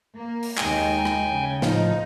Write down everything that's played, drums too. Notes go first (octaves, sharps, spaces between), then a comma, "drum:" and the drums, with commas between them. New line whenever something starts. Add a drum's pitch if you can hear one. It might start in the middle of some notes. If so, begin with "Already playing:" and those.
A#3
drum: open hi-hat
D#2 G#3 D#4 G5 G#5, drum: clap
drum: rim click
C#3
A2 F3 D#4, drum: snare